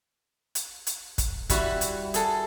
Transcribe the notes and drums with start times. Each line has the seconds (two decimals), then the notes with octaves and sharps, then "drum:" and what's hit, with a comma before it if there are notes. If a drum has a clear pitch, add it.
0.55 drum: hi-hat
0.87 drum: hi-hat
1.18 drum: kick, hi-hat
1.50 G3 E4 F#4, drum: kick, hi-hat
1.81 drum: hi-hat
2.14 G#4 A4, drum: hi-hat